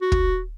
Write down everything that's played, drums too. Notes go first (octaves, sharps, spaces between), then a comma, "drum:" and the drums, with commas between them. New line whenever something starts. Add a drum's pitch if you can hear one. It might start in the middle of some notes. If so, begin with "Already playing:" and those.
F#4
drum: kick